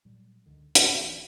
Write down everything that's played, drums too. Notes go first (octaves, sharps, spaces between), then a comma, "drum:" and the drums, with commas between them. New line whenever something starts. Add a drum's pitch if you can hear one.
A#2 F#3 G3
C#2 D3 D#3
D#2 A#2 D3 A#3, drum: hi-hat
D1 E3